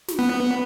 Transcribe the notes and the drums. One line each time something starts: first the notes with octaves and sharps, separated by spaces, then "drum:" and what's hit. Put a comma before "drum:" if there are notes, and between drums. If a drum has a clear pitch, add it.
drum: snare
B3